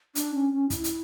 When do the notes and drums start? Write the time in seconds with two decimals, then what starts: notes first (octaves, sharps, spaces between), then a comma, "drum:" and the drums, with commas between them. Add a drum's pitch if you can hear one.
0.15 D4, drum: hi-hat
0.34 C#4
0.53 C#4
0.70 E4, drum: kick, hi-hat
0.84 drum: hi-hat